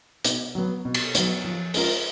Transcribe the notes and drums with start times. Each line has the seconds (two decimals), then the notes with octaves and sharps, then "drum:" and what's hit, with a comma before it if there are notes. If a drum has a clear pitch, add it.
0.24 B2, drum: hi-hat
0.55 F#3 B3
0.85 B2
0.94 drum: cymbal
1.15 F#3 B3, drum: hi-hat
1.44 F3
1.74 G#3 C#4 F4 A#4, drum: open hi-hat